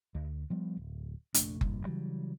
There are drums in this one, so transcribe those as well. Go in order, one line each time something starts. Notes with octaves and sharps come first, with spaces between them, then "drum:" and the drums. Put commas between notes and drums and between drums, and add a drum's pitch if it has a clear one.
D2
F3 G3 B3
D1
F1 A#1 A3 D4, drum: hi-hat
F1 C2 G2 A#2, drum: kick F#1
C#3 E3 F#3 G3